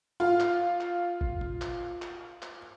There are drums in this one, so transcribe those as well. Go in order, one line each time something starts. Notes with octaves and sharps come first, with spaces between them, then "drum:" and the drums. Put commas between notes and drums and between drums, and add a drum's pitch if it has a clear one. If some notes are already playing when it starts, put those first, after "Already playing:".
F4 F5
drum: clap
drum: clap
drum: kick G1
drum: tom
drum: clap
drum: clap
drum: clap